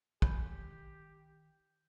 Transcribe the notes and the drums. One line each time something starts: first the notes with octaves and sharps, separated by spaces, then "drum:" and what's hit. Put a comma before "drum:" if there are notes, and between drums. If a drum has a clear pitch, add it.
D#3 G4 G#5 B5 G6, drum: kick